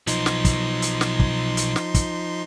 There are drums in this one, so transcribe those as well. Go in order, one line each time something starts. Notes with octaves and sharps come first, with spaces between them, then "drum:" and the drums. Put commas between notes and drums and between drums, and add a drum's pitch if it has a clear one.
B1 F3 D#4 C6, drum: hi-hat
drum: snare
drum: kick, hi-hat
drum: hi-hat
drum: snare
drum: kick
drum: hi-hat
drum: snare
drum: kick, hi-hat